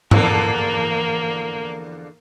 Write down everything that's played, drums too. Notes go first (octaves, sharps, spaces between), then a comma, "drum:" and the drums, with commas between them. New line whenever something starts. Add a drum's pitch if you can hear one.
E2 D3 F3 A#3, drum: tom G#2